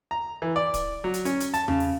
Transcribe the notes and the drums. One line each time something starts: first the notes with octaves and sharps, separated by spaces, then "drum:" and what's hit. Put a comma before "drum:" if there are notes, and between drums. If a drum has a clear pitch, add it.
A#5
E3
D5
drum: kick, hi-hat
F#3
drum: hi-hat
C#4, drum: hi-hat
drum: hi-hat
A5, drum: hi-hat
C#3, drum: tom E2
drum: open hi-hat